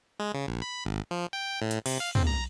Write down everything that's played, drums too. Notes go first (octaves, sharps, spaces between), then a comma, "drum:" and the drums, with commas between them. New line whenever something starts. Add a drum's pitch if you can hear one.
G#3
C#3
A#1
B5
G#1
F3
G5
A2
drum: hi-hat
C3, drum: cymbal
F5
C4, drum: tom
A#5